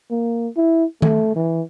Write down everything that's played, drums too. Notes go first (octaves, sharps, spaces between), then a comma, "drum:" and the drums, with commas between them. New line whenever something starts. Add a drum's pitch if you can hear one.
A#3
E4
A3, drum: tom D#3
E3